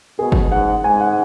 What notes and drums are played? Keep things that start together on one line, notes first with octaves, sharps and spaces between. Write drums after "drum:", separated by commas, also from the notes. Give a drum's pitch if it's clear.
B2 G#4
drum: kick
G#2 F#5
G#2 G#5
F#5